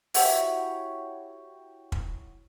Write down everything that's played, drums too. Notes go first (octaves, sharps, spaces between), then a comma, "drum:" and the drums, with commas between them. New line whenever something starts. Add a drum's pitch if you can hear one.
E4 F#4 G4 C#5, drum: open hi-hat
drum: kick